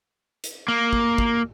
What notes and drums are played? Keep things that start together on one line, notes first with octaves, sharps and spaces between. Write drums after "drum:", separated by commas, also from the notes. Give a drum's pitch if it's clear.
drum: hi-hat
A#3
drum: kick
drum: kick